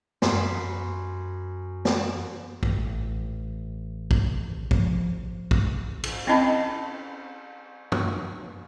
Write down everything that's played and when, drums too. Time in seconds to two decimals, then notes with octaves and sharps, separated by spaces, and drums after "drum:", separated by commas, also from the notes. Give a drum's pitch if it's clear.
0.22 F#2 B5 C6, drum: snare
1.85 drum: snare
2.63 A1, drum: kick
4.11 drum: kick
4.71 F3, drum: kick
5.51 drum: kick
6.04 drum: cymbal
6.27 C4 C#4 E4 D#5 A5 B5
7.92 drum: tom F#2